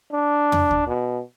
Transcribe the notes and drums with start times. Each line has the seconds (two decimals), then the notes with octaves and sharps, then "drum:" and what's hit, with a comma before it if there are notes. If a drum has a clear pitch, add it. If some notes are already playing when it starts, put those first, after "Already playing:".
0.13 D4
0.52 drum: tom
0.71 drum: kick D#2
0.87 B2